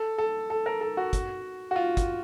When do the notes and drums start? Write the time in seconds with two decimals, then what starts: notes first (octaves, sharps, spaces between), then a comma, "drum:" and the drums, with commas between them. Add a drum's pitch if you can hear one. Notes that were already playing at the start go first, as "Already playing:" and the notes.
Already playing: A4
0.18 A4
0.50 A4
0.66 A#4
0.81 A4
0.97 F#4
1.13 drum: kick, hi-hat
1.71 F#4
1.76 F4
1.97 drum: kick, hi-hat